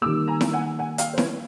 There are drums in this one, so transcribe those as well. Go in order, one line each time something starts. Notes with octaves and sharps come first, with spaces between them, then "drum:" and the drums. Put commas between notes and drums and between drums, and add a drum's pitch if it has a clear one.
D#3 G3 A#3 D6 E6
G#5 A#5
drum: snare E4
F#5 G#5
F#5 G#5
F5 G5, drum: hi-hat
C5
B4 C#5, drum: snare E4